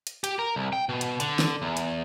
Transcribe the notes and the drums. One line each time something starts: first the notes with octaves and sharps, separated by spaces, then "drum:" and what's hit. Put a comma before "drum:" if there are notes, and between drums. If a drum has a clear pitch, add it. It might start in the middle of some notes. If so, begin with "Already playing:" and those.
drum: hi-hat
G4, drum: hi-hat
A#4
C2
G5
B2
drum: hi-hat
D3, drum: hi-hat
drum: snare
E2
drum: hi-hat